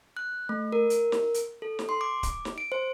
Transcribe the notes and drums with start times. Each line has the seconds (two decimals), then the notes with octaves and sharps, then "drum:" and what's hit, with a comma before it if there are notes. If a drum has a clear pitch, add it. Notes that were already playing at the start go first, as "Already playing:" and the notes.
0.17 F#6
0.49 A3
0.72 A#4
0.90 drum: hi-hat
1.12 drum: snare
1.34 drum: hi-hat
1.62 A4
1.79 drum: snare
1.89 C6
2.01 D6
2.23 drum: kick D1, hi-hat
2.45 drum: snare
2.58 D7
2.72 C5